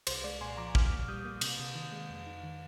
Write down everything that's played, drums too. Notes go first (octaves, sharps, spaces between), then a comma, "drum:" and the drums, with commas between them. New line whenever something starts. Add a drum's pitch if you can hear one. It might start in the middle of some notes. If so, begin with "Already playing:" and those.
C2 C5, drum: cymbal
G#3 D5
A#2 G#5 C6
F3 A#5 D6
A#2 D6 F6, drum: kick
A#2
G3 D#6 G6
A#3
C3, drum: cymbal
C3
D#3
G#3
F2
D#4
D#3